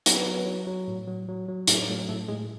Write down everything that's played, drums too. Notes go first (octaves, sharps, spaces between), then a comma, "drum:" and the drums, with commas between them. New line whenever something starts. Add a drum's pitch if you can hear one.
F#3 B3 B4, drum: hi-hat
F#3
F#3
F#3
A2
F#3
F#3
F#3
A2 A3 A4, drum: hi-hat
F#3 A3 A4
A2 A3 A4
A2 G#3 G#4